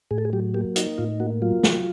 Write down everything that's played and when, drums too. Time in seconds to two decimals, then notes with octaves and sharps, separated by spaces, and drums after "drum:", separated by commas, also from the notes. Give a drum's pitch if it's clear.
0.11 A2 G#4
0.18 A4
0.25 G#4
0.33 F#3 G4
0.54 A#3 G4
0.76 D#4 F#4, drum: hi-hat
0.98 A2 F4
1.20 A#3 F#4
1.42 F#3 F4
1.63 F#3, drum: snare